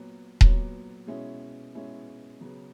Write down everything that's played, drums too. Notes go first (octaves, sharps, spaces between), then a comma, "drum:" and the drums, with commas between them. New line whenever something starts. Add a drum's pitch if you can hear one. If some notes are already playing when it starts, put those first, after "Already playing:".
Already playing: A#2 F#3 B3
A#2 F#3 B3, drum: kick D#1
B2 G#3 C#4 E4
B2 G#3 C#4 E4
C#3 F#3 B3